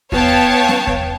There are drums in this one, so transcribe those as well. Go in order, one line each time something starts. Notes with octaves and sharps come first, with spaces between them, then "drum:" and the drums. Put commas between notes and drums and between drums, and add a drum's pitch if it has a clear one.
B3 C#5 F5 G5 A5, drum: kick E2
drum: snare C#4
drum: kick E2